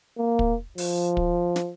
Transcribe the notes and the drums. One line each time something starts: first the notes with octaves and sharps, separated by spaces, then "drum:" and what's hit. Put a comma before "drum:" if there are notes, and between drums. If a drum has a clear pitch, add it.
A#3
drum: kick
F3, drum: open hi-hat
drum: kick
drum: snare